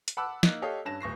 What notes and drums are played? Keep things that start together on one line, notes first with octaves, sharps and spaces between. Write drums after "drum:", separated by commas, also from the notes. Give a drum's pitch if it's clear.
drum: hi-hat
F#5 A5 B5 D6 E6 F#6
A#3 D#4 F#6, drum: snare
G4 A4 C#5 D#5 F5
G2 C#4 A5 A#6 E7
D1 C#6 A#6 C7